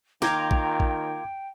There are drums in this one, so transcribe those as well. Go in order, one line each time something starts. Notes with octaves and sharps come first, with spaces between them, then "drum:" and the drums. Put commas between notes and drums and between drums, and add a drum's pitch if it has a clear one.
D#3 A#3 F4 G5 D6 G6 G#6, drum: snare
drum: kick
drum: kick